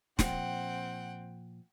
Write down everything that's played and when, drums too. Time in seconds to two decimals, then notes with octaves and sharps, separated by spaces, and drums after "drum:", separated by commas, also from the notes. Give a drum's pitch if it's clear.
0.19 A#2 F3 C4 F#5 G5, drum: snare